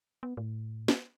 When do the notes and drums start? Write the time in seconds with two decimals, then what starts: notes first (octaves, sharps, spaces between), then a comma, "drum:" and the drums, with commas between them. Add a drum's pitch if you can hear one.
0.23 B3
0.37 A2
0.88 drum: snare